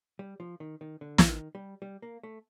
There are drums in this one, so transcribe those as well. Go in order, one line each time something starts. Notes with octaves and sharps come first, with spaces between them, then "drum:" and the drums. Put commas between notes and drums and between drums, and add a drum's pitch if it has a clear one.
G3
F3
D#3
D#3
D3
drum: snare
D#3
G3
G3
A#3
A3